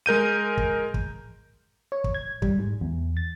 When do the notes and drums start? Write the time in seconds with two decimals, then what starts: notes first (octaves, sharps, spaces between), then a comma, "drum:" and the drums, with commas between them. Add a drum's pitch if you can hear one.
0.06 G#3 A#4 G6 D#7
0.57 drum: kick
0.94 drum: kick
1.92 C#5
2.04 drum: kick
2.14 G#6
2.42 G3, drum: kick
2.59 G#2
2.81 E2
3.17 A6